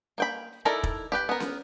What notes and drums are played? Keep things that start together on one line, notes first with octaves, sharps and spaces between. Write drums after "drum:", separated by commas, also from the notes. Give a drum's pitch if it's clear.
A#3 G5 B5
D#4 E4 A4 A#4 D5
drum: kick
G4 B4 G5
B3 A#4
drum: snare